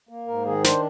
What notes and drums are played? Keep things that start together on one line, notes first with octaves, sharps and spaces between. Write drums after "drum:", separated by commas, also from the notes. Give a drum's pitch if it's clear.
A#3
G#2 A#4
D#3 G#4
D4 C5, drum: snare